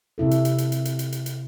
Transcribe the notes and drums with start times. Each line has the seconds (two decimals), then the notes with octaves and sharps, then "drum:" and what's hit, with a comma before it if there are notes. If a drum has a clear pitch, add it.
0.18 C3 E4 A4
0.31 drum: hi-hat
0.45 drum: hi-hat
0.58 drum: hi-hat
0.72 drum: hi-hat
0.85 drum: hi-hat
0.99 drum: hi-hat
1.12 drum: hi-hat
1.26 drum: hi-hat